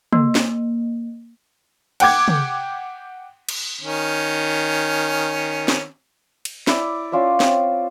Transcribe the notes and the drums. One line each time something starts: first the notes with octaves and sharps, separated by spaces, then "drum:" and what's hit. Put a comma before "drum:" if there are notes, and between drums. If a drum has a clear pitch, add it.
A#3, drum: tom
drum: snare
F#5 G5 D6 G#6, drum: cymbal
drum: tom
drum: cymbal
D#3 C#4
drum: snare
drum: cymbal
E4 D5, drum: snare
C#4 F4 D5 E5
C4, drum: snare